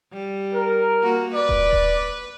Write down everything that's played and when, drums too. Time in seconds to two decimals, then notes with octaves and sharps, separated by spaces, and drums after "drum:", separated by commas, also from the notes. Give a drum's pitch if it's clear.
0.12 G3
0.54 A#4
1.02 A#3 F#4
1.34 B4 D5
1.49 drum: kick D#1
1.72 drum: kick D#1